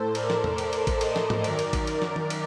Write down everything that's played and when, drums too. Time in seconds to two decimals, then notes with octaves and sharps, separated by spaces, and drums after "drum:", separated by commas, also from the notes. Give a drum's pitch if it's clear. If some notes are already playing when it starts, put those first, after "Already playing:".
Already playing: A2 A4 C5
0.15 A#4 D5, drum: cymbal
0.30 drum: snare
0.44 drum: tom E2
0.58 A#4 D5, drum: cymbal
0.73 drum: cymbal
0.87 drum: kick A1, cymbal
1.01 C5 D#5, drum: cymbal
1.16 drum: snare
1.30 drum: tom G#2
1.44 F#2 D#3 A#4 D5, drum: cymbal
1.59 drum: cymbal
1.73 drum: kick A1, cymbal
1.87 drum: cymbal
2.02 drum: snare
2.16 drum: tom D#3
2.30 drum: cymbal